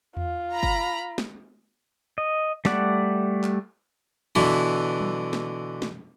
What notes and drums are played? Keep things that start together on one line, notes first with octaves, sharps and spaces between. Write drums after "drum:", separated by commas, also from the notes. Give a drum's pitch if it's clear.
F4, drum: tom E2
A#5 B5
drum: kick
drum: snare
D#5
G3 A3 D5 F#5, drum: snare
drum: clap
B2 D3 E3 E4
drum: tom F#3
drum: snare
drum: snare